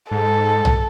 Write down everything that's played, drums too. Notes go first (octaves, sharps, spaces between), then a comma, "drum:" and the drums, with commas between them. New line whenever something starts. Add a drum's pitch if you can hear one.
G#2 A4
drum: tom B1